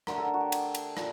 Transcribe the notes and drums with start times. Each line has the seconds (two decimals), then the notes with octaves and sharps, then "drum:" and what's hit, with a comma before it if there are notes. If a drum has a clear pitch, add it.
0.07 D3 F#3 A3 A#4, drum: rim click
0.18 A4
0.34 F#4
0.40 G4
0.52 drum: cymbal
0.75 drum: cymbal
0.97 A#2, drum: rim click